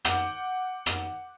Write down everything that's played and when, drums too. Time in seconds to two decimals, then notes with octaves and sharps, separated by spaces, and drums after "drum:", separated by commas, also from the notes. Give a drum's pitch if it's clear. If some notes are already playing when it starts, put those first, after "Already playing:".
0.05 F#5 D6 G6, drum: rim click
0.86 drum: rim click